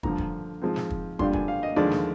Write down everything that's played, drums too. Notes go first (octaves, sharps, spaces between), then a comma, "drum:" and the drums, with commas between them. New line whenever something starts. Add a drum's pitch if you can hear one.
G2 D3 F3 A#5, drum: kick
drum: kick
G#2 F3 G#3 C4 F4
drum: snare
drum: kick
G2 D3 G3 D4 F4 C6, drum: kick
G#5, drum: kick
F5
D#5
D#2 D3 F3 G#3 D4 D5
drum: snare